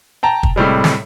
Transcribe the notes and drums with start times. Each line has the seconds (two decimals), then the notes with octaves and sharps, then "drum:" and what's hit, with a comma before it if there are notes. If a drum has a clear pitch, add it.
0.23 G5 A5 A#5
0.43 drum: kick
0.56 A2 C3 G3 G#3
0.84 drum: snare